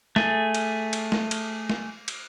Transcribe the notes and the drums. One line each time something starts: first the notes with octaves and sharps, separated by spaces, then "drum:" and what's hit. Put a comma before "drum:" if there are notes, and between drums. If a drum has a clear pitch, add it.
A3 G#4, drum: snare
drum: cymbal
drum: cymbal
drum: snare
drum: cymbal
drum: snare
drum: cymbal